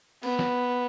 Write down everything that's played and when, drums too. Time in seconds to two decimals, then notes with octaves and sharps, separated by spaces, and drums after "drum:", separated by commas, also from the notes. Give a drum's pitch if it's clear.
0.23 B3, drum: cymbal
0.39 drum: snare